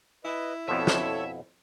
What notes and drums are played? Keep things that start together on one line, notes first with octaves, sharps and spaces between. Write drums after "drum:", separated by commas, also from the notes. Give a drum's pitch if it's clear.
E4 B4 D#5
F2 B2 F3 A4 C#5 E5
drum: snare